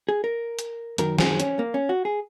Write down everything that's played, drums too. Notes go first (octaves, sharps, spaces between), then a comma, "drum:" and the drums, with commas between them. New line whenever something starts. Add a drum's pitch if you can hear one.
G#4
A#4
drum: hi-hat
F#2 D#3 F#3 A#4, drum: hi-hat
G#4, drum: snare
C#4, drum: hi-hat
A#3
C#4
F#4
G#4